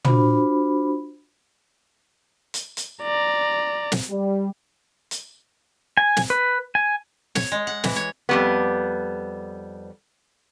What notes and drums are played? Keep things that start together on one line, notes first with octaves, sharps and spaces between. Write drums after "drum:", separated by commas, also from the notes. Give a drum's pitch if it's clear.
D4 F4 F#4 C5 B5, drum: tom
drum: hi-hat
drum: hi-hat
D5 A#5
drum: snare
G3
drum: hi-hat
G#5
drum: snare
B4
G#5
C#5, drum: snare
G#3
F#5
E3, drum: snare
C#5
F2 G3 B3